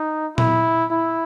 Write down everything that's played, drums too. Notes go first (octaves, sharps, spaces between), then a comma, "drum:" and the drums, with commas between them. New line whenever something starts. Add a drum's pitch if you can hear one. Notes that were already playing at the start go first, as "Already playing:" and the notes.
Already playing: D#4
E4, drum: tom A#2
E4